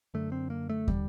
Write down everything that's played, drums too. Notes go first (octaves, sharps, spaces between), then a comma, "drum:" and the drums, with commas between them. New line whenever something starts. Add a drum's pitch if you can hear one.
F#2 D3 A3
C4
A#3
A3
D3 G3, drum: kick